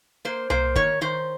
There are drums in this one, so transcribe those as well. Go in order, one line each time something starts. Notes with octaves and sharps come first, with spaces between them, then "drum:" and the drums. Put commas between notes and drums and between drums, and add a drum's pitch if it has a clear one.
A#3 C5
A#3 C5, drum: tom C2
D#3 C#5, drum: kick
D#3 C5